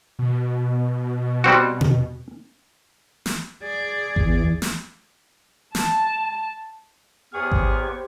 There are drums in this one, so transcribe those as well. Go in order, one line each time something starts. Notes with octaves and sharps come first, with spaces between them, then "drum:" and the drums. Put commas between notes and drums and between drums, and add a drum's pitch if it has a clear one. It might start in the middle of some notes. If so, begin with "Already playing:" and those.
B2
G3 C4 F#4
drum: tom B2
drum: snare
G#4 D5
E2, drum: kick G#1
drum: snare
A5, drum: snare
E2 B3 G4 G#4 C5 C#5 C#6 F6
drum: kick G#1